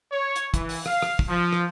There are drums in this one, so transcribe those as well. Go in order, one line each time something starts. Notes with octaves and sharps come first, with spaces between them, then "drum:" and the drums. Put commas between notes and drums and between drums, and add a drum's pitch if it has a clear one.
C#5
drum: hi-hat
E3, drum: kick, hi-hat
drum: open hi-hat
F5, drum: rim click
drum: rim click
drum: kick
F3
drum: rim click